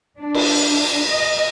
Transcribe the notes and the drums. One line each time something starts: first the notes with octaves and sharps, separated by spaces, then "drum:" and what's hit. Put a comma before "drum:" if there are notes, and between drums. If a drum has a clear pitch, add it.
D4
drum: cymbal
D#5